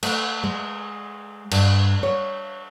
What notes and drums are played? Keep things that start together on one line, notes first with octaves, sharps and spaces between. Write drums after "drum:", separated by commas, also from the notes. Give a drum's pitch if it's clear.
A3, drum: cymbal
G#3
G2, drum: cymbal
C#5